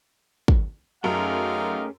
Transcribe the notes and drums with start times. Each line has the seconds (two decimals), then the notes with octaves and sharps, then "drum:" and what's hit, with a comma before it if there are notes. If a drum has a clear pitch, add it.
0.48 drum: kick
1.04 F#2 A3 C#4 D#4 G4 G#4 A#4 F5